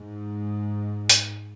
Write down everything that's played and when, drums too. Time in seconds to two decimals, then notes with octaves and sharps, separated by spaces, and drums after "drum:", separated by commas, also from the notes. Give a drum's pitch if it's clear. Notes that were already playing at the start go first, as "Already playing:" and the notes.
Already playing: G#2
1.09 drum: hi-hat